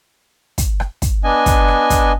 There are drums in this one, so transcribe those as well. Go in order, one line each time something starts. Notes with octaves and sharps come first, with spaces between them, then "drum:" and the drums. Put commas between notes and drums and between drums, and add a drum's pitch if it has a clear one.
drum: kick, hi-hat
drum: rim click
drum: kick, hi-hat
B3 D4 D#5 G#5
drum: kick, hi-hat
drum: rim click
drum: kick, hi-hat